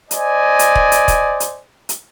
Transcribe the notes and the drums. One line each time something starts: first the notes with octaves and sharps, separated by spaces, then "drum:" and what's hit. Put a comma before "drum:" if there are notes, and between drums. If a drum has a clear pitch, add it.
C5 D5 D#5 G#5, drum: hi-hat
drum: hi-hat
drum: kick
drum: hi-hat
drum: kick, hi-hat
drum: hi-hat
drum: hi-hat